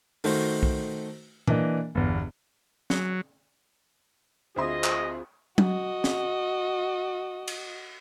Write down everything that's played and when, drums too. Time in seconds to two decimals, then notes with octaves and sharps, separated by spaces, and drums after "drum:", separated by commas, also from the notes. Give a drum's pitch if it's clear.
0.24 D#3 A3 F#4 C5, drum: open hi-hat
0.63 drum: kick B1
1.47 E3 A#3 D4 D#5, drum: tom A#2
1.95 G1 E2
2.90 F#3, drum: snare
4.56 D2 C4 F4 G#4 D#5 E5 C6
4.84 drum: clap
5.58 F#4 D#5, drum: tom F#3
6.04 drum: snare
7.48 drum: cymbal